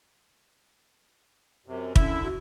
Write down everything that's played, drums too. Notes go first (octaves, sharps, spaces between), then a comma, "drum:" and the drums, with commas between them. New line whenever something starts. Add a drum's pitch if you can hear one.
F#2 C3
D3 C#4 E4 E5, drum: kick
F#4